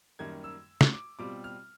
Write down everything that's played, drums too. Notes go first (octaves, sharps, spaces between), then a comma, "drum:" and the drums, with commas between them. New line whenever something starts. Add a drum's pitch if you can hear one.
F#2 D#3 G3 A#3 G#6
E6
drum: snare
D6
B2 G3 C4 F4 D6
F6